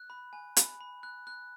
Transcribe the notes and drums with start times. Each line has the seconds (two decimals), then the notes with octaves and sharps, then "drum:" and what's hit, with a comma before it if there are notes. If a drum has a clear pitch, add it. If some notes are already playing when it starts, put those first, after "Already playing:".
Already playing: F#6
0.10 B5
0.33 G#5
0.57 B5, drum: hi-hat
0.80 B5
1.03 F#6
1.27 F#6